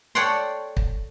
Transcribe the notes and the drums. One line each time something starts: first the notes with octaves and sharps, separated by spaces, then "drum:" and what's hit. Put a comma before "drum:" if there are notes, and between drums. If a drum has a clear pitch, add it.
A4 C#5 D5 F#5 G5 C6
drum: kick